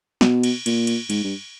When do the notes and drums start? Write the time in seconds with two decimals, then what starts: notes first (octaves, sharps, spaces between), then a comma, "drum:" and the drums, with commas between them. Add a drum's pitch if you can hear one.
0.21 B2, drum: snare
0.43 drum: cymbal
0.66 A#2, drum: cymbal
0.87 drum: cymbal
1.10 G#2, drum: cymbal
1.24 G2